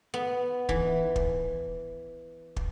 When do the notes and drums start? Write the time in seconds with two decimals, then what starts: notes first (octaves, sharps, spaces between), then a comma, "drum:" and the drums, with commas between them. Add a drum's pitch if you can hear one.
0.14 B3
0.69 E3, drum: kick
1.16 drum: kick
2.56 drum: kick